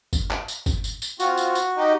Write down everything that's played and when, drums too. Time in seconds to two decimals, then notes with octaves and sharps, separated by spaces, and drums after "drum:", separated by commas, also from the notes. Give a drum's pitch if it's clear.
0.13 drum: kick, tambourine
0.31 drum: clap
0.48 drum: tambourine
0.66 drum: kick, tambourine
0.84 drum: tambourine
1.02 drum: tambourine
1.20 C4 F4 F#4, drum: tambourine
1.37 drum: tambourine
1.55 drum: tambourine
1.77 D#4 G4 D#5